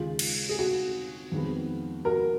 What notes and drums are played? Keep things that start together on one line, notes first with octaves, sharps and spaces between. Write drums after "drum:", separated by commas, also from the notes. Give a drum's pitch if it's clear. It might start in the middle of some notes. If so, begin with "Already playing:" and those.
Already playing: D#2 C#3 G#3 F4
drum: cymbal
G#4
F#4
F2 D#3 G#3 B3
F#4 A#4